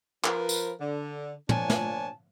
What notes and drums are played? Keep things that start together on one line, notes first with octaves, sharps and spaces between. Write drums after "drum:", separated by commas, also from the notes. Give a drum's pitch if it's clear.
F3 A#4 B4, drum: clap
drum: tambourine
D3
A#2 F3 D4 C#5 G#5 A5, drum: tom
drum: snare